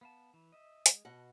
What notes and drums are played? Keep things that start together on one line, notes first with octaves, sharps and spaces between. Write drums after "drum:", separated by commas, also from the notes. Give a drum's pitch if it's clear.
B3 F5 A5
E3
D#5 E5
G#3, drum: hi-hat
B2 D#5 F#5 A5 F#6